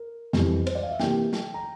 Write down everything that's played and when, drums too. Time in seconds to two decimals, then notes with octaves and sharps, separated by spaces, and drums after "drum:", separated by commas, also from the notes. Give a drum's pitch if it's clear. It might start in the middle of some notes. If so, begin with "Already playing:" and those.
Already playing: A#4
0.33 F2 C3 E3 G3, drum: snare
0.67 C5, drum: cymbal
0.75 D5
0.83 F5
0.91 E5
1.00 C3 E3 A#3 G5, drum: snare
1.33 drum: snare
1.54 A#5